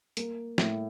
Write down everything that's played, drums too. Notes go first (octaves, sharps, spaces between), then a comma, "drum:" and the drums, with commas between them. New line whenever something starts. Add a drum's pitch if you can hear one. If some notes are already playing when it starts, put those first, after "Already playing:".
A#3, drum: hi-hat
A2, drum: snare